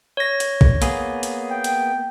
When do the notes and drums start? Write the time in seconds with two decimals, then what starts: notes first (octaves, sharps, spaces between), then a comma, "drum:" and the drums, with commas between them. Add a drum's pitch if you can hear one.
0.17 C#5 A#6
0.40 drum: hi-hat
0.61 drum: kick
0.82 A#3 B3 G#4, drum: hi-hat
1.23 drum: hi-hat
1.51 G5
1.64 drum: hi-hat